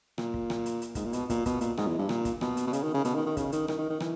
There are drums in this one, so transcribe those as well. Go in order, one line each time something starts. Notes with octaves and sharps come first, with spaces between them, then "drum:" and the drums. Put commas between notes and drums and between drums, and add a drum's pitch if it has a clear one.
A#2, drum: rim click
drum: kick
drum: rim click
drum: hi-hat
drum: hi-hat
G#2, drum: kick, hi-hat
A#2
B2, drum: hi-hat
A#2, drum: kick, hi-hat
B2, drum: kick, hi-hat
A#2, drum: hi-hat
G#2, drum: rim click
E2
G2
A#2, drum: rim click
drum: kick, hi-hat
B2, drum: rim click
drum: hi-hat
B2
C#3, drum: hi-hat
D#3
C#3
B2, drum: hi-hat
D#3
D#3
C#3, drum: kick, hi-hat
D#3, drum: hi-hat
D#3, drum: rim click
D#3
D#3
E3, drum: rim click